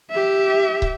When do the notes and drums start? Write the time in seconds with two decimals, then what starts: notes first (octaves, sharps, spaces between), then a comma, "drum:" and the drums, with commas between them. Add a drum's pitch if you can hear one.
0.11 G4 E5
0.82 drum: kick